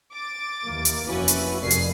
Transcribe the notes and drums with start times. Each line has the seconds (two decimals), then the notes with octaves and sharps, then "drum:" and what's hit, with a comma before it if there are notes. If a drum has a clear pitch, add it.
0.11 D6 A6
0.63 D#2 E3 A#3
0.85 drum: hi-hat
1.06 F1 F2 C#4 E4 F#4 B4
1.28 drum: hi-hat
1.61 F1 F2 G#4 A#4 D5 C7
1.70 drum: hi-hat